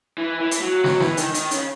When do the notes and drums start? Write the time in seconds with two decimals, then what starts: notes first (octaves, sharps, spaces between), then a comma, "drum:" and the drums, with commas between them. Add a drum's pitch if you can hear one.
0.18 E3
0.41 E3
0.51 drum: hi-hat
0.62 F#3
0.84 F#3, drum: snare
1.00 E3, drum: snare
1.17 D#3, drum: hi-hat
1.34 D#3, drum: hi-hat
1.51 C#3, drum: hi-hat